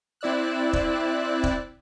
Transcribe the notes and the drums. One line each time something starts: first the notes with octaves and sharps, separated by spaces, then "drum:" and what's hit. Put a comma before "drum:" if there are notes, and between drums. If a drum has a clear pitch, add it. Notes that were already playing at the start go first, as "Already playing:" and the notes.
C4 E4 D5 E6 F#6
drum: kick E1
drum: kick E1